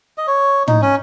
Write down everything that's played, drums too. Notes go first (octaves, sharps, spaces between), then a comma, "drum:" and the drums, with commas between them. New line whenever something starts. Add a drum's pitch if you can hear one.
D#5
C#5
D#4, drum: tom
C#4